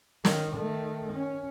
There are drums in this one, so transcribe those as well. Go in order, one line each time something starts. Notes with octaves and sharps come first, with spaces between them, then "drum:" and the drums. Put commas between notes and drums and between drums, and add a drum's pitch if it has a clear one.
D#3, drum: snare
D#3 A3
C#4